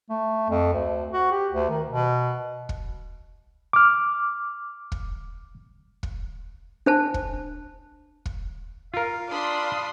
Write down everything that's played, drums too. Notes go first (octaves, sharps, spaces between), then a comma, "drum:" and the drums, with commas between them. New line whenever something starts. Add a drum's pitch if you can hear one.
A3
F2
D2
F#4
G4
D2
D#3
B2
drum: kick
D6 F6
drum: kick
drum: kick
D4 C5 A5
drum: kick
drum: kick
F4 A#4 F5
D4 D5 B5 C6 D#6